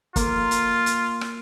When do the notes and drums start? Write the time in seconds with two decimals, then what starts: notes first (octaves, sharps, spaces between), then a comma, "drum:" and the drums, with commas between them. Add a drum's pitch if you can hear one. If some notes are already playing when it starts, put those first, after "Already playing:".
0.16 A#3 F4, drum: kick, hi-hat
0.51 drum: hi-hat
0.86 drum: hi-hat
1.21 drum: rim click